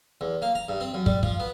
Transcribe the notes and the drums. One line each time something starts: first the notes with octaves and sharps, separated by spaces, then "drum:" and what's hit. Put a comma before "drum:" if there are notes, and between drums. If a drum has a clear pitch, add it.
E2
A#3
A#5
G2
C4
F#2
G3, drum: kick
F3, drum: kick
B3